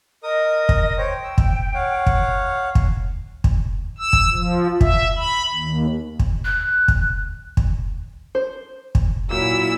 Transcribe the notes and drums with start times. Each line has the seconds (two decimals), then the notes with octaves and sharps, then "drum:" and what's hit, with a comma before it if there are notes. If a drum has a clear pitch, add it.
0.23 A#4 D#5 D#6
0.69 drum: kick
0.98 C5 C#5 G5
1.24 E6
1.38 drum: kick
1.74 C#5 F5 F#5
2.06 drum: kick
2.75 drum: kick
3.44 drum: kick
3.98 E6
4.13 drum: kick
4.33 F3
4.81 E5, drum: kick
5.16 B5
5.54 D#2
6.19 drum: kick
6.45 F#6
6.88 drum: kick
7.57 drum: kick
8.35 C5
8.95 drum: kick
9.30 A#2 F#3 A#3 E4 F4 E6